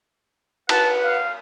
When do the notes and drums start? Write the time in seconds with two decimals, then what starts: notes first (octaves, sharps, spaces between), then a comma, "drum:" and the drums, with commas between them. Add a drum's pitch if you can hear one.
0.69 B4 F#5 A5, drum: cymbal
1.04 F5